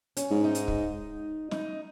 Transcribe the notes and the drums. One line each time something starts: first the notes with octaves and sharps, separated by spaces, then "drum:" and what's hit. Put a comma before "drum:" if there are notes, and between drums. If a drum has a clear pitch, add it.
C#4, drum: hi-hat
G#2
D#4
drum: hi-hat
drum: kick
D#4, drum: snare